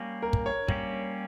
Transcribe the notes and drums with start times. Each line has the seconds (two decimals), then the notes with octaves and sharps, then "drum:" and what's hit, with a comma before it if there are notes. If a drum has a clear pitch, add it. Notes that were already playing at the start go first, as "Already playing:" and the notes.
Already playing: G3 A#3 C#4 G4
0.22 A#4
0.33 drum: kick
0.46 C#5
0.68 G3 A#3 C#4 G4, drum: kick